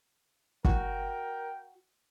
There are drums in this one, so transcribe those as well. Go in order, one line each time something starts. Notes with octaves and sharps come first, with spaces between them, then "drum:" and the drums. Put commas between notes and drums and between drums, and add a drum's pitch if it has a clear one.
F#4 A#4 G5, drum: kick G1